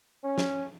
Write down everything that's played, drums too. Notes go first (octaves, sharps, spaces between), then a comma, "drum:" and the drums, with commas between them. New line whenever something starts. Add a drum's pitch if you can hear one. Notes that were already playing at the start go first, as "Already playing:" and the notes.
C#4
drum: snare